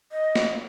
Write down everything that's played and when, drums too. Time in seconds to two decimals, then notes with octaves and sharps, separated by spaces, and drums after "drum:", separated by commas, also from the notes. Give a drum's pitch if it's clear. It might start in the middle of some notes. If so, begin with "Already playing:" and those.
0.12 D#5
0.36 drum: snare